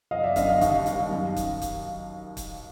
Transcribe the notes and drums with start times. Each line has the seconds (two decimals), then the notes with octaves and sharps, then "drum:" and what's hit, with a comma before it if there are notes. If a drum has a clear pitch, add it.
0.11 F#1 D#5 F5
0.24 D5 E5
0.36 F#2 D3 D#5 F5, drum: kick, hi-hat
0.48 D#5 F5
0.61 D#2, drum: kick, hi-hat
0.86 G3, drum: hi-hat
0.91 D#3
1.11 F#2
1.36 drum: kick, hi-hat
1.62 drum: kick, hi-hat
2.37 drum: kick, hi-hat